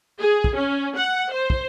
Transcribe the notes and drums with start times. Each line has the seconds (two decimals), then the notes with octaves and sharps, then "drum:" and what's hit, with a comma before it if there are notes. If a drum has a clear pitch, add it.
0.20 G#4
0.44 drum: kick
0.55 C#4
0.97 F#5
1.33 C5
1.50 drum: kick